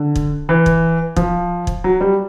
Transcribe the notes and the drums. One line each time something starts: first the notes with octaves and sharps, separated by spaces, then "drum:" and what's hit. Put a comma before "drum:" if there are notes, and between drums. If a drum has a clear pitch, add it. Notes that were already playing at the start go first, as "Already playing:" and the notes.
Already playing: D3
drum: kick
E3
drum: kick
F3, drum: kick
drum: kick
F#3
G3